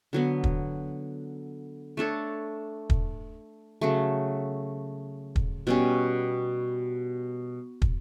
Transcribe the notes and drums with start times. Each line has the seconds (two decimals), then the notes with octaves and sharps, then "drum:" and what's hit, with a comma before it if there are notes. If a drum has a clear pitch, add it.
0.13 D3 F#3 B3
0.44 drum: kick
1.97 A3 D4 A4 C#5
2.90 drum: kick
3.81 C#3 F#3 A3
5.36 drum: kick
5.67 B2 G3 C#4
7.82 drum: kick